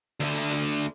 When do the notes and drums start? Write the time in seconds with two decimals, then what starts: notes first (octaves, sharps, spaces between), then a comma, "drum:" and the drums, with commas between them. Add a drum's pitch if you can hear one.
0.20 D2 D3, drum: hi-hat
0.35 drum: hi-hat
0.51 drum: hi-hat